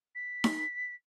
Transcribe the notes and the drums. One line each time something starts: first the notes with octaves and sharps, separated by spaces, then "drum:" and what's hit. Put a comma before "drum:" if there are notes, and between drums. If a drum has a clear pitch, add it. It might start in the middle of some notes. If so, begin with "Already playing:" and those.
B6
drum: snare D#4